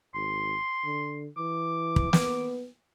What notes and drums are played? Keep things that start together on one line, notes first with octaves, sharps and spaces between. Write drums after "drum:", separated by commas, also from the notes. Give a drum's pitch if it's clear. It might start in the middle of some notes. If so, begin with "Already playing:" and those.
G#1 C6
D3
E3 D6
drum: kick
B3, drum: snare